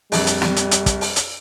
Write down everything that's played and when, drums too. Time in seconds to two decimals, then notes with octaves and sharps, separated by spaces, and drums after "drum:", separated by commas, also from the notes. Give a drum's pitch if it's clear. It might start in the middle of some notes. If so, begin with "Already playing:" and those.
0.12 A#1 F2 G3, drum: open hi-hat
0.27 drum: hi-hat
0.42 drum: snare
0.56 drum: hi-hat
0.71 drum: hi-hat
0.86 drum: kick, hi-hat
1.01 drum: open hi-hat
1.16 drum: hi-hat